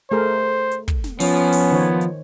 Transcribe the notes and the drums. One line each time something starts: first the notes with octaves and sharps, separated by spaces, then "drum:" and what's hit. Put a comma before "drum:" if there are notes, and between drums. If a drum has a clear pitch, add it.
A3 G#4 A#4 C5
drum: hi-hat
drum: kick, hi-hat
drum: snare
F3 B3 C#4, drum: open hi-hat
drum: hi-hat
drum: open hi-hat
D#3 C5 C#5
drum: hi-hat